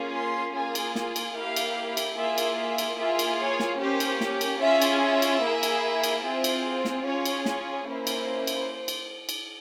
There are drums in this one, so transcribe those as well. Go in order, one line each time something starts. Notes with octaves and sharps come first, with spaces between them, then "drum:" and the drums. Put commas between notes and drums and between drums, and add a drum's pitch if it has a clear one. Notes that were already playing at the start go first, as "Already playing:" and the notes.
Already playing: A#3 C#4 F4 G#4
C6
A#3 F4 G#4 G#5
drum: cymbal
drum: snare
drum: cymbal
A#3 E4 G4 F5
drum: cymbal
drum: cymbal
A#3 F4 G#4 E5
drum: cymbal
E5
drum: cymbal
A#3 F4 G#4 E5
drum: cymbal
C#5
drum: snare
A#3 C#4 G4 C5
drum: cymbal
drum: snare
drum: cymbal
C#4 F4 G#4 E5
drum: cymbal
E5
drum: cymbal
A#3 E4 G#4
drum: cymbal
drum: cymbal
C4 F4 G#4
drum: cymbal
drum: snare
C#4 F4 G#4 C#5
drum: cymbal
C#5, drum: snare
A#3 C#4 E4 C5
drum: cymbal
drum: cymbal
drum: cymbal
drum: cymbal